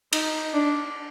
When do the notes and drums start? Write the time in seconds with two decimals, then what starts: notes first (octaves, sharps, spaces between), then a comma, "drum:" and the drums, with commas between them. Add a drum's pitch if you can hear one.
0.13 D#4, drum: cymbal
0.54 D4